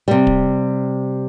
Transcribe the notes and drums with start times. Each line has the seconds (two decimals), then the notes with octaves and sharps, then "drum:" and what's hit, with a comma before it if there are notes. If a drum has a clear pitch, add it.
0.08 C3 G3
0.27 drum: kick D1